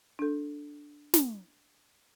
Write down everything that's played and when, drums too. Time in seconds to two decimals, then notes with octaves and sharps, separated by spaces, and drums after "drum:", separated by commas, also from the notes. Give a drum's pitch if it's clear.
0.19 D4 A4
1.14 drum: snare